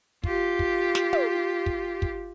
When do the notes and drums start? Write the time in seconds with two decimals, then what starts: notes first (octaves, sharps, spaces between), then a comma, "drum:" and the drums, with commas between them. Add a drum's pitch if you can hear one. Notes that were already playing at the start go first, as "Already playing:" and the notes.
0.24 F4 G4, drum: kick
0.59 drum: kick
0.95 drum: snare
1.13 drum: tom
1.66 drum: kick
2.02 drum: kick